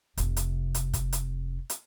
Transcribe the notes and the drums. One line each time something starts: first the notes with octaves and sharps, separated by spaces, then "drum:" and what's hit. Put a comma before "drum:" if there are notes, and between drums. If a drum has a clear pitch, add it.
F1 C3, drum: hi-hat
drum: hi-hat
drum: hi-hat
drum: kick, hi-hat
drum: hi-hat
drum: hi-hat